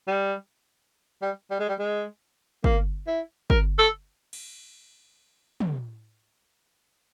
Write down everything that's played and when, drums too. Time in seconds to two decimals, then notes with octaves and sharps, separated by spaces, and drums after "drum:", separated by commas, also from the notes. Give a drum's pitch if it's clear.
0.08 G3
1.22 G3
1.51 G3
1.60 G#3
1.69 G3
1.79 G#3
2.64 A#3, drum: kick
3.07 E4
3.50 A#4, drum: kick
3.78 A4
4.33 drum: cymbal
5.60 drum: tom